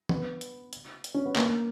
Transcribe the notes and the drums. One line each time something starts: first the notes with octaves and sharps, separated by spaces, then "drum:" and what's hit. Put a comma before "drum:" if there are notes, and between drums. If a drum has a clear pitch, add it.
B3, drum: tom E3
drum: hi-hat
drum: hi-hat
drum: hi-hat
C#4
B3
A#3, drum: clap